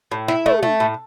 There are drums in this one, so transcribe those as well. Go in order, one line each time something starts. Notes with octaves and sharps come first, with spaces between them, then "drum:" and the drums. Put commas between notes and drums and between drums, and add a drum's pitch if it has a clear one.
A2
E4, drum: snare
A3, drum: tom
A3
A2